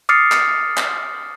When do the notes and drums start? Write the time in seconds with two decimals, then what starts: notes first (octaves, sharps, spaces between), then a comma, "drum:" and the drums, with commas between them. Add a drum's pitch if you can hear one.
0.09 D6 D#6 F6 A6 C7 C#7
0.32 drum: clap
0.77 drum: clap